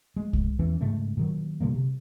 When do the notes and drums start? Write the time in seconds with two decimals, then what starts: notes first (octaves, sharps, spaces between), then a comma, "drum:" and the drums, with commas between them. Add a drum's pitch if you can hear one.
0.16 G#3
0.33 drum: kick C2
0.59 E2 E3 C#4
0.81 G#2 C#3 G#3 A3
1.17 A#2 D#3 F#3
1.61 B2 D3 G3 A#3
1.74 C3